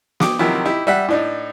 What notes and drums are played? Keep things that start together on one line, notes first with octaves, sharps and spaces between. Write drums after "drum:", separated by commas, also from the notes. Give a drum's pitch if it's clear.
G5 D6 D#6, drum: snare
C3 D#3 F3 F#3 E4
D#4 E4 G4
G3 E5 F#5 F#6
A2 D4 D#4